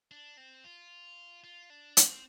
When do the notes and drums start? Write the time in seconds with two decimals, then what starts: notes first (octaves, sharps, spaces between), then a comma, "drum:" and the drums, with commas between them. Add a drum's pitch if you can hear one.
0.11 D4
0.37 C4
0.64 F4
1.44 F4
1.70 D4
1.97 C4, drum: hi-hat